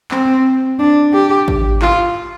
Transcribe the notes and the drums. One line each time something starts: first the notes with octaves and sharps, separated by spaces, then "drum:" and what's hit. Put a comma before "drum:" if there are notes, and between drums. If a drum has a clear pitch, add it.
C4, drum: clap
D4
G4
drum: kick
F4, drum: clap